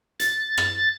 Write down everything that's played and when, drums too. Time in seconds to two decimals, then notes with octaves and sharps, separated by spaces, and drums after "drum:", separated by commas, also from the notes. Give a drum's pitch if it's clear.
0.20 A6, drum: hi-hat
0.58 drum: rim click